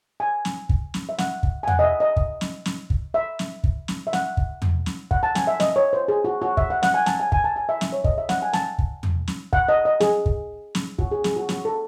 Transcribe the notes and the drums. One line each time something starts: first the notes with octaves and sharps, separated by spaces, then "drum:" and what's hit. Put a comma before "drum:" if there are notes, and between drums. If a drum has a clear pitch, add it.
G#5
drum: snare
drum: kick
drum: snare
E5
F#5, drum: snare
drum: kick
G#5
F#5, drum: tom E2
D#5
E5
D#5
drum: kick
drum: snare
drum: snare
drum: kick
E5
drum: snare
drum: kick
drum: snare
E5
F#5, drum: snare
drum: kick
drum: tom E2
drum: snare
F#5, drum: kick
A5
G#5, drum: snare
E5
D#5, drum: snare
C#5
C5
G#4
F#4
F#4
E5, drum: kick
F#5
F#5, drum: snare
G#5
A5, drum: snare
G#5
G#5, drum: kick
A5
G#5
E5
E5, drum: snare
C#5
D#5, drum: kick
E5
F#5, drum: snare
G#5
A5, drum: snare
drum: kick
drum: tom E2
drum: snare
F#5, drum: kick
D#5
D#5
G#4, drum: snare
drum: kick
drum: snare
F#4, drum: kick
G#4
G#4, drum: snare
F#4
F#4, drum: snare
A4